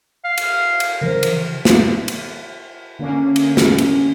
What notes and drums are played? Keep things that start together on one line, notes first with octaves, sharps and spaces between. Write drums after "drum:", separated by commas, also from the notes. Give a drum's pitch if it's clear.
F5
drum: cymbal
drum: cymbal
C#3 E3 A#4 C5
drum: cymbal
drum: snare
drum: cymbal
D3 A#3 C#4
drum: cymbal
drum: snare
drum: cymbal